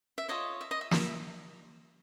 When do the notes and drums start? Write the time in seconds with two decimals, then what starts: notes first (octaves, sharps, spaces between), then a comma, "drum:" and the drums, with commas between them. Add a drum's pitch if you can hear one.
0.18 E5
0.28 F4 A4 C#5 D#5
0.61 E5
0.71 D#5
0.81 E5
0.91 E5, drum: snare